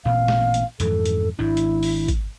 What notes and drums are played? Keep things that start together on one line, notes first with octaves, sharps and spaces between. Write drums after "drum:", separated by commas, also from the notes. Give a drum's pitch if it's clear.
A1 A#2 C4 F5
drum: snare
drum: hi-hat
F2 G#2 E3 A4, drum: hi-hat
drum: hi-hat
G#1 G#2 D4 E4
drum: hi-hat
drum: open hi-hat
drum: kick, hi-hat